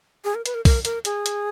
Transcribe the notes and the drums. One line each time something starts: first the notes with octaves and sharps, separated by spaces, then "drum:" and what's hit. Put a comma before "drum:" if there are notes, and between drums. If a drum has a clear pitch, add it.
G#4
A#4
B4, drum: hi-hat
A#4
A#4, drum: kick, open hi-hat
A#4, drum: hi-hat
G#4, drum: hi-hat
drum: hi-hat